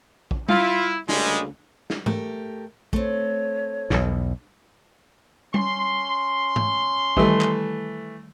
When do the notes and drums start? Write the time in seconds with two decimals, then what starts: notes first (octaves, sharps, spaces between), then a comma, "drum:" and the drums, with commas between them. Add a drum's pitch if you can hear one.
0.31 drum: kick
0.49 E4 F4, drum: tom G3
1.09 D2 C#3 G3 G#3 A#3, drum: snare
1.90 drum: snare
2.06 A3 G4 A#4, drum: tom G#2
2.93 A3 C4 C#5, drum: kick
3.90 B1 E2 B2, drum: snare
5.54 C#4 C6, drum: tom G3
6.56 drum: tom G#2
7.17 D#3 E3 G3 A3 G4, drum: kick
7.41 drum: clap